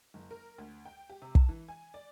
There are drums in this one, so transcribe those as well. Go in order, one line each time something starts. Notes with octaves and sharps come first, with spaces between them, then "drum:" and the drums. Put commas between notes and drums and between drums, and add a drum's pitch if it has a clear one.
F#1
A#4
D2
G5
G4
C3
A5, drum: kick
E3
G#5
D5